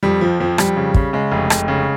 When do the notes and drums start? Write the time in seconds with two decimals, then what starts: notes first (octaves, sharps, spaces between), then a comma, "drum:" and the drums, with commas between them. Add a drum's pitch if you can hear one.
0.03 F2 G3
0.21 F2 F3
0.40 F2 F3
0.58 F2 G3, drum: rim click
0.77 C#3
0.94 C#3, drum: kick
1.13 C#3 G#3
1.32 F1
1.50 F1, drum: rim click
1.68 C#3